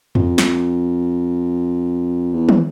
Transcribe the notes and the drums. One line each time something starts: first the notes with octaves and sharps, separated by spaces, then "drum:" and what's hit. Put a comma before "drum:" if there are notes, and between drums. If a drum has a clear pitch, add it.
F2, drum: tom E2
drum: snare
E2
drum: tom